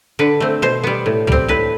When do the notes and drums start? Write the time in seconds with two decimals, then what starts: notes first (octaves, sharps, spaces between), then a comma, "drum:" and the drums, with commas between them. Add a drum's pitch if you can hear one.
0.19 D3 B4
0.40 A3 C4
0.62 B2 C5
0.84 G3 B3
1.06 A2
1.27 G3 C4, drum: tom
1.48 A2 B4